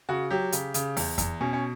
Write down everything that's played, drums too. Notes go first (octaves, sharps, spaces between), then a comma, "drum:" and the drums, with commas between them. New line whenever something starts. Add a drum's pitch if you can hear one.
C#3 F#4
F#3 G4
C#3, drum: hi-hat
C#3, drum: hi-hat
E2, drum: open hi-hat
E2, drum: kick F2, hi-hat
B2 C#4
C#4